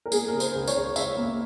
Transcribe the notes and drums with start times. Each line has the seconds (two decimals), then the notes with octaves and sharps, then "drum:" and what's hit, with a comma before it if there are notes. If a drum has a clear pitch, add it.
0.06 A#4
0.12 A#3 G#4, drum: tambourine
0.28 C#3 A#4
0.40 C5, drum: tambourine
0.54 C#2
0.68 C#5, drum: tambourine
0.75 C#2
0.96 C#2 E5, drum: tambourine
1.17 A#3